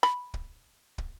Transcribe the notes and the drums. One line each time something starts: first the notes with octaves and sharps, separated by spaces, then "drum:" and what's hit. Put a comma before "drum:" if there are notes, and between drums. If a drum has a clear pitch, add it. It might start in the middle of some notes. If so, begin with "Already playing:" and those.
B5, drum: rim click
drum: kick
drum: kick